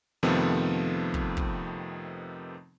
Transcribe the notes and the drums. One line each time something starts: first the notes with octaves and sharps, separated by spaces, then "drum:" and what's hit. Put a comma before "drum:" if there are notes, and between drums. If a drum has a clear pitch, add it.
F2 C3 D#3 F3 A3 B3
drum: kick
drum: kick